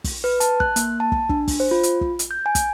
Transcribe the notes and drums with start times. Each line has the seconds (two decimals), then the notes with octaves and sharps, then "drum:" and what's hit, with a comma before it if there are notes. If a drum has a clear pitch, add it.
0.04 drum: kick, open hi-hat
0.24 B4
0.40 A5, drum: hi-hat
0.60 F#6, drum: kick
0.76 A#3, drum: hi-hat
1.00 A5
1.12 drum: kick
1.29 D4, drum: kick
1.48 drum: kick, open hi-hat
1.60 C5
1.71 F4
1.83 drum: hi-hat
2.01 drum: kick
2.19 drum: hi-hat
2.31 G6
2.46 G#5
2.55 drum: kick, hi-hat